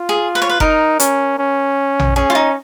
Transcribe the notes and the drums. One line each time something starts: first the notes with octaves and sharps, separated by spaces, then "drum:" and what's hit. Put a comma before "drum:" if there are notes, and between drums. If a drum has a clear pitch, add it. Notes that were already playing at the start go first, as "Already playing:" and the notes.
Already playing: F4
G#4
B4
C#5
B4
D#4 A#4, drum: kick F#1
C#4, drum: hi-hat
C#4
drum: tom A#1
C#4 G#4
F4
D#4